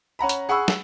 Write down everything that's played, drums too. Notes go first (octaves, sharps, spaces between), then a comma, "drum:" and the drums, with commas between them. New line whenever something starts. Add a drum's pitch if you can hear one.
C#4 F#5 A#5 B5
drum: hi-hat
G#4 F#5 B5 C#6 E6
drum: snare